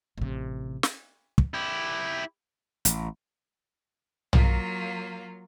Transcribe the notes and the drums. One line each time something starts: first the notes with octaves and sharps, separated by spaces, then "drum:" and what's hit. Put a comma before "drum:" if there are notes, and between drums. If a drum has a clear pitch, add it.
A1 C3
drum: snare
drum: kick
E4 G4
A1, drum: hi-hat
F#3 A#3 F4, drum: tom